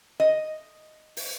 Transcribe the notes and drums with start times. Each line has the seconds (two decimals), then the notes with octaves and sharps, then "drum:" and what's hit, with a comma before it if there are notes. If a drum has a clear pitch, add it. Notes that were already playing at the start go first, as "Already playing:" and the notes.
0.20 D#5
1.17 drum: open hi-hat